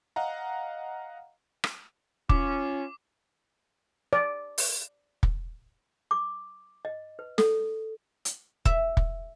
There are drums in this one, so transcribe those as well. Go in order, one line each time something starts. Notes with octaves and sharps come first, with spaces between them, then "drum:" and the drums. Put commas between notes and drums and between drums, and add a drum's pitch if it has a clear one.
D#5 F5 F#5 A#5
drum: rim click
C#4 F4 D6, drum: kick
D5
drum: open hi-hat
drum: kick
D6
D#5
B4
A4, drum: snare
drum: hi-hat
E5, drum: kick
drum: kick